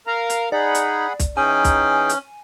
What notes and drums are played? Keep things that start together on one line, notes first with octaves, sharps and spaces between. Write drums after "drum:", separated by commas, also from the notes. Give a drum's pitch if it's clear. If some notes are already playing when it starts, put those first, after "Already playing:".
A#4 F5 A#5
drum: hi-hat
D#4 G#4 D5 F#5 B5
drum: hi-hat
drum: kick, hi-hat
E3 C#4 D#4 G#4 G5 G#5
drum: kick, hi-hat
drum: hi-hat